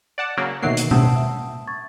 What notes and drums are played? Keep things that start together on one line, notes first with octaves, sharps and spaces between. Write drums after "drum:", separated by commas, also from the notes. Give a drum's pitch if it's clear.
D5 F#5 A5
C#3 F#3 A#3 D7
D2 B2 D#3 F#3 A#3 E5 C7 D7
drum: hi-hat
C3 F#5 A5 D#6 E6, drum: tom B2
E5
C#6 G#6 A6